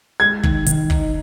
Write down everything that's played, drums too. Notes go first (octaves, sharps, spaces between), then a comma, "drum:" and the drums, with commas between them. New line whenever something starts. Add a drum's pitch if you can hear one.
G#3 G#6
D#3, drum: kick
D#3, drum: hi-hat
D#4, drum: kick